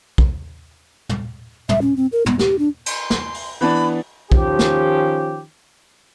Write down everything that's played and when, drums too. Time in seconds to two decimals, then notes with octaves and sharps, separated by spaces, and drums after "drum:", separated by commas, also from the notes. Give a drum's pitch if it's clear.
0.18 drum: kick
1.09 drum: tom
1.69 E5, drum: tom
1.82 C#4
1.97 C4
2.12 A#4
2.26 B3, drum: tom
2.39 G4, drum: snare
2.59 D4
2.86 C6, drum: cymbal
3.10 drum: snare
3.34 drum: open hi-hat
3.61 E3 B3 D4 B5
4.32 D#3 F3 C#4 G4, drum: kick
4.59 drum: snare